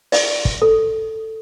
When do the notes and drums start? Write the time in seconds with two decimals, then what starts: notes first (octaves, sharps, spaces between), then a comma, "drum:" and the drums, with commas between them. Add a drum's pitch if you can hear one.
0.12 D5, drum: open hi-hat
0.45 drum: kick
0.62 A4